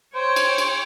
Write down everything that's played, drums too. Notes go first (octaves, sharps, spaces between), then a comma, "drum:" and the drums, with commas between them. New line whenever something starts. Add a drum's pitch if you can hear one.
C5 C#5 G5 C#6
drum: cymbal
drum: cymbal